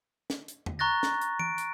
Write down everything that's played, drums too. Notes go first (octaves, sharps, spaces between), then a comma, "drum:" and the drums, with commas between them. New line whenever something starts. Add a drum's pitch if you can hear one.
drum: snare
drum: hi-hat
drum: tom
A#5 C#6 F#6 A6 A#6
drum: snare
drum: hi-hat
D7, drum: tom E3
drum: hi-hat